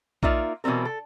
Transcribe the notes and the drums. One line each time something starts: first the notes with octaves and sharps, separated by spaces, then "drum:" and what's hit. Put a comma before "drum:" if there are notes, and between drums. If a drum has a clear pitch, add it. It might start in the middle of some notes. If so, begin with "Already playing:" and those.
A#3 D#4 F4 A#4 D5 E5, drum: kick A#1
B2 E3 G3 C4 A#4
A4